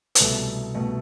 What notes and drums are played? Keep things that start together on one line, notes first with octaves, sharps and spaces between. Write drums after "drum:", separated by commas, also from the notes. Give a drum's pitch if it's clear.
B4, drum: hi-hat
C2 B2 A3 A4
B2 A3